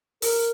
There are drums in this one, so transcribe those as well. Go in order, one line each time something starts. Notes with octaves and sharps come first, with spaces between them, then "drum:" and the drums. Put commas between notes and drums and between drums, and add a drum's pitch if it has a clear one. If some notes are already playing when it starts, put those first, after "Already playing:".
A#4, drum: open hi-hat